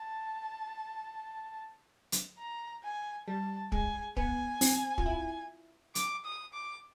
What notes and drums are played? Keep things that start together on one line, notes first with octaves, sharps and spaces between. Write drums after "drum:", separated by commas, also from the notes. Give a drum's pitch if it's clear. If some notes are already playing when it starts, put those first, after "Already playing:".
Already playing: A5
drum: hi-hat
A#5
G#5
G3 A5
G#3 G#5, drum: kick
B3 G#5, drum: kick
C4, drum: open hi-hat
F4, drum: kick
E4
D6, drum: hi-hat
D#6
D6